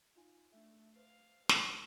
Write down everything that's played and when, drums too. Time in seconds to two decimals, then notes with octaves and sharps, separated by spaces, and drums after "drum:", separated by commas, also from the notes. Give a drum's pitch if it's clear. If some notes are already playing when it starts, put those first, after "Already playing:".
0.15 D#4 F4 G#5
0.52 A3 D4 E5
0.96 B4 C5 F5
1.49 B2 A#4, drum: snare